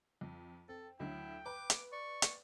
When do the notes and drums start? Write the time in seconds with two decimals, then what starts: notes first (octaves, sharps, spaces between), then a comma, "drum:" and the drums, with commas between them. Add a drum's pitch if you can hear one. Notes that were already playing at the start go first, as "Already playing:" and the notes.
0.21 F2
0.69 C4 A4
1.00 D2 D3 F#3 E4 G5
1.46 B4 D6
1.70 drum: hi-hat
1.92 D5 C#6
2.22 drum: hi-hat